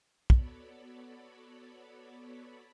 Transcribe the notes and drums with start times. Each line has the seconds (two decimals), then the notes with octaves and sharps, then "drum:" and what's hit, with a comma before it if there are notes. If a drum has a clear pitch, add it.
0.30 B3 F#4 A4 C#5 D5 B5, drum: kick